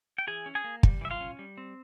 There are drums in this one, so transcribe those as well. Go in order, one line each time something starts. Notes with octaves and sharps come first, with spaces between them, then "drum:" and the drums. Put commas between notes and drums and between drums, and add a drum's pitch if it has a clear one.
G5
E3 G#4 G#5
C#4
G#4 G#5
A#3
G3, drum: kick
E3 E5
F4 F5
C#4
G3
C4